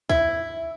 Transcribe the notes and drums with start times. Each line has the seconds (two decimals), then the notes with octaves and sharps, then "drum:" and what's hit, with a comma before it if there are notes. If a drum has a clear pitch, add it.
0.09 E4, drum: kick